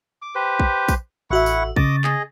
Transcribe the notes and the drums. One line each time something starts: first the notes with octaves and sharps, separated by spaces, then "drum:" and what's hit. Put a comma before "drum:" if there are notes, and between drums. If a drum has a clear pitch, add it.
D6
G4 B4 C5
drum: kick A#1
drum: kick A#1, tambourine
A1 E4 F#4 E5 F#5 C#6
drum: tambourine
C#3 D#5 D6 D#6 A6, drum: kick A#1
G#4 D#5, drum: clap